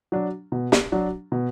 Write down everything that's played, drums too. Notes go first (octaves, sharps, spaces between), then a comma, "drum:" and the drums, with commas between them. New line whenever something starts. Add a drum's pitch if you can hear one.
F#3 D4
B2
drum: snare
F#3 D4
B2